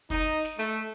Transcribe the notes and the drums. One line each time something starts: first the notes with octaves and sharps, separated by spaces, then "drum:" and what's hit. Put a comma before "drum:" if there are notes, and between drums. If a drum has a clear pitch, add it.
D#4, drum: kick
drum: snare
A3